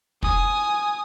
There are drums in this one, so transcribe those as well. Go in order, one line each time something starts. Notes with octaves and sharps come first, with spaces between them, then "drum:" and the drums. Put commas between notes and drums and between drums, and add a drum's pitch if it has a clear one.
G#5 D#6, drum: kick